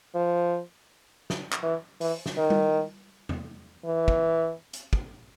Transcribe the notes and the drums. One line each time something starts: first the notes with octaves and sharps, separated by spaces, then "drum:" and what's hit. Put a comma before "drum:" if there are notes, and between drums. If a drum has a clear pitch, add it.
F3
drum: snare
drum: clap
E3
E3, drum: open hi-hat
drum: snare
D#3
drum: tom G3
drum: tom E2
E3
drum: kick
drum: hi-hat
drum: kick